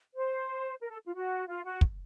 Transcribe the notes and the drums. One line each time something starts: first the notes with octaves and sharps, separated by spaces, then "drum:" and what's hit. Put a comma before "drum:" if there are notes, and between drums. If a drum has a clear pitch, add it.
C5
A#4
A4
F4
F#4
F4
F#4
drum: kick